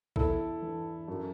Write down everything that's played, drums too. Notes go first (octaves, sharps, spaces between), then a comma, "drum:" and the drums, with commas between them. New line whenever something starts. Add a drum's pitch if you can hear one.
E2 E4 A4, drum: kick
E3
F#2